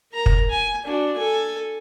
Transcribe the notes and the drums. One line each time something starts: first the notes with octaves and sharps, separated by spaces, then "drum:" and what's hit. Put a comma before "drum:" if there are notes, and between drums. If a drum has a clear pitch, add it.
A#4 A#5
drum: kick
G#5
D4 F#4
A4 G#5